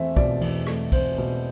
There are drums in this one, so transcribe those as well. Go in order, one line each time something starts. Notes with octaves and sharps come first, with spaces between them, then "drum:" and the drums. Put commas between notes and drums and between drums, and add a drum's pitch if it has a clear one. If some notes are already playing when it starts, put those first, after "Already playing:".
Already playing: E2 A3 C4 E5
B2 D5, drum: kick
E2, drum: cymbal
A3, drum: rim click
C4 C5, drum: kick, cymbal
B2